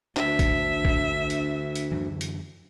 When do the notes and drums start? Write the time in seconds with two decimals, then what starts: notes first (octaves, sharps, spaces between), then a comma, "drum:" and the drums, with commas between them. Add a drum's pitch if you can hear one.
0.17 D2 D4 E5, drum: clap
0.39 drum: kick, hi-hat
0.85 drum: kick
1.30 drum: hi-hat
1.75 drum: hi-hat
1.91 F#2 D3 E3
2.21 drum: hi-hat